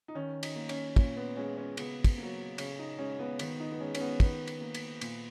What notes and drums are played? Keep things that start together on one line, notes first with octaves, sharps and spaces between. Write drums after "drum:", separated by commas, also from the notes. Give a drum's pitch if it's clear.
D#4
D#3 C#4
D#4, drum: cymbal
A#3
C#4, drum: cymbal
A#2 C#4, drum: kick, cymbal
B3
G#3 C#4
C#4
C#3 B3, drum: cymbal
drum: kick, cymbal
A#3
F#3
C#3 C#4, drum: cymbal
D#4
G#3 C#4
B3
D#3 B3, drum: cymbal
D#4
B3
G#3 C#4
C#4, drum: cymbal
B3
D#3 B3, drum: kick, cymbal
drum: cymbal
A#3
drum: cymbal
A#2, drum: cymbal